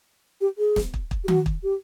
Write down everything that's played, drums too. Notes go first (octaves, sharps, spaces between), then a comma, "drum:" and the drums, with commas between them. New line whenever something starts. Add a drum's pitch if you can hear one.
G4
G#4
drum: snare
drum: kick
drum: kick
G4
F#4, drum: tom D#3
drum: kick
G4